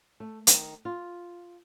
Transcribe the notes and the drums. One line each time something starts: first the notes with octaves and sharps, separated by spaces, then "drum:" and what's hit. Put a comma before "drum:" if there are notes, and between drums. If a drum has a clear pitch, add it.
A3
D#3, drum: hi-hat
F4